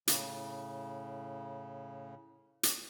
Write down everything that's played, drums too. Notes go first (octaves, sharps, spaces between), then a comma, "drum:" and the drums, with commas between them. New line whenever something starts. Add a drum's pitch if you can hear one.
A2 C#3, drum: hi-hat
drum: hi-hat